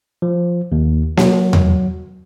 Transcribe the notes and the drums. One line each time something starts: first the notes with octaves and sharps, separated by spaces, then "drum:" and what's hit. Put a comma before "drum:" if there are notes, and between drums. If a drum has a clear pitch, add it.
F3
D#2
F#3, drum: snare A#3
drum: tom E2